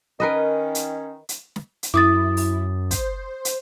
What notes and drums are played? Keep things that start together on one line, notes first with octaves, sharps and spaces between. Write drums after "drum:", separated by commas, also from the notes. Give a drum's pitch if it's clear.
D#3 C#4 A#4 B4 D#5
drum: hi-hat
drum: hi-hat
drum: snare
drum: hi-hat
F#2 E4 D6 D#6 A6
drum: open hi-hat
C5, drum: kick, hi-hat
drum: hi-hat